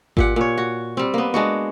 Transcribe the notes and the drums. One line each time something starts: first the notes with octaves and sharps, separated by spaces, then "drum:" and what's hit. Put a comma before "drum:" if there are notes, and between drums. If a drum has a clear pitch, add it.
A#2 G4 F#5, drum: kick G#1
A#2 C#5
F#4
G3 C4
A#3 B3
G#3 D4 F#4